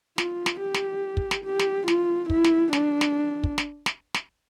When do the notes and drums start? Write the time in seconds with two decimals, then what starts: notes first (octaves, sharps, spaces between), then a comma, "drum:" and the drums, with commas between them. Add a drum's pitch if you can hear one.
0.18 F4, drum: snare
0.46 drum: snare
0.60 G4
0.74 drum: snare
1.17 drum: kick
1.31 drum: snare
1.45 G4
1.59 drum: snare
1.88 F4, drum: snare
2.30 E4, drum: kick
2.44 drum: snare
2.73 D4, drum: snare
3.01 drum: snare
3.44 drum: kick
3.58 drum: snare
3.86 drum: snare
4.14 drum: snare